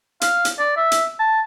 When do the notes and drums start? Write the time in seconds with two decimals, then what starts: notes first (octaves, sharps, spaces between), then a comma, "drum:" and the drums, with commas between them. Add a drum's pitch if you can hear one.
0.21 F5, drum: hi-hat
0.45 drum: hi-hat
0.59 D5
0.77 E5
0.92 drum: hi-hat
1.20 A5